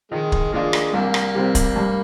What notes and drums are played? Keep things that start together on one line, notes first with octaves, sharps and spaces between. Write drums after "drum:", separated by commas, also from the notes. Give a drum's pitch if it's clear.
D#3 F3 G#3
drum: kick
F3 G#3 A#3 D4 F4
drum: rim click
C2 A#3
drum: rim click
C3 G3 C4
drum: kick, hi-hat
G2